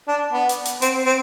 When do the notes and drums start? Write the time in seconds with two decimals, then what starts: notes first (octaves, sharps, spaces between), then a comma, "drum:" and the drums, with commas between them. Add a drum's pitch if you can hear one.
0.08 D4
0.33 B3
0.49 drum: hi-hat
0.65 drum: hi-hat
0.82 C4, drum: hi-hat
1.06 C4